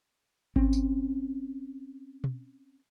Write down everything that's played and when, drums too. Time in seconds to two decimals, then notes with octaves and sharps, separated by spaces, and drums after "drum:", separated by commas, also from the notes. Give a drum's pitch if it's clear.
0.56 C4 C#4, drum: kick G#1
0.73 drum: tambourine
2.24 drum: tom B2